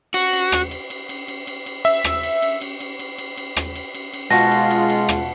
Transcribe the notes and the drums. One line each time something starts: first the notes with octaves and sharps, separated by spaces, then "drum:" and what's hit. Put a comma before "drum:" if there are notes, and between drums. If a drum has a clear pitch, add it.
F#4, drum: cymbal
drum: cymbal
drum: rim click
drum: cymbal
drum: cymbal
drum: cymbal
drum: cymbal
drum: cymbal
drum: cymbal
E5, drum: cymbal
drum: rim click
drum: cymbal
drum: cymbal
drum: cymbal
drum: cymbal
drum: cymbal
drum: cymbal
drum: cymbal
drum: rim click
drum: cymbal
drum: cymbal
drum: cymbal
B2 G#3 F4 F#4 A5 A#6, drum: cymbal
drum: cymbal
drum: cymbal
drum: cymbal
drum: rim click